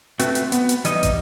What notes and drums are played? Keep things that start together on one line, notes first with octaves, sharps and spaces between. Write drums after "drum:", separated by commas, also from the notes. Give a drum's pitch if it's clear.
A3 C4 F#4 B4, drum: hi-hat
drum: hi-hat
B3, drum: hi-hat
drum: hi-hat
E3 G3 D#4 D#5, drum: hi-hat
drum: kick, hi-hat